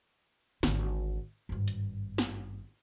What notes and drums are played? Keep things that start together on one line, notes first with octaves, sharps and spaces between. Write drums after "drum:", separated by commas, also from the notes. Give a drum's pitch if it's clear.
G#1 D3, drum: snare
G#1 G2
drum: hi-hat
drum: snare